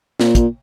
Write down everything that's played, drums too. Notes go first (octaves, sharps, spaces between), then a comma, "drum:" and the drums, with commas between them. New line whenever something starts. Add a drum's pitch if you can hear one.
A#2, drum: snare
drum: kick, hi-hat